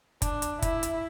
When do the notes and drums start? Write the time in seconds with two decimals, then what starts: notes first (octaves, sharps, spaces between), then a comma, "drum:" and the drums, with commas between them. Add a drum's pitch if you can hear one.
0.22 D4, drum: kick, hi-hat
0.42 drum: hi-hat
0.62 E4, drum: kick, hi-hat
0.83 drum: hi-hat